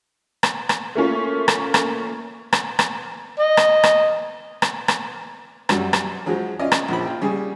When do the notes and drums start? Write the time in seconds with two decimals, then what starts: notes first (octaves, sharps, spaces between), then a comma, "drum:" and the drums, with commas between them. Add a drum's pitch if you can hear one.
0.43 drum: rim click
0.69 drum: rim click
0.95 A3 A#3 C#4 F4
1.48 drum: rim click
1.74 drum: rim click
2.53 drum: rim click
2.79 drum: rim click
3.38 D#5
3.57 drum: rim click
3.83 drum: rim click
4.62 drum: rim click
4.88 drum: rim click
5.69 F#2 F#3 G3, drum: rim click
5.93 drum: rim click
6.26 F3 F#3 G#3
6.59 C#4 F4 D5 D#5
6.72 drum: rim click
6.88 A#1 F3 B5
7.06 F4 G5
7.21 C#3 G3 G#4